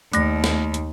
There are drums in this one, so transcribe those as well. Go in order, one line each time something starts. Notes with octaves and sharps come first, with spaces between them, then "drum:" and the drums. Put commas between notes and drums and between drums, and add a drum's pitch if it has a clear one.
D#2 A3 A#6, drum: hi-hat
drum: snare
drum: hi-hat